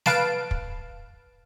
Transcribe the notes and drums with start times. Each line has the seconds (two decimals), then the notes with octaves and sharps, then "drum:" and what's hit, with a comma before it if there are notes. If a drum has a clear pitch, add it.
0.06 B4 F5 A5 D7, drum: snare
0.51 drum: kick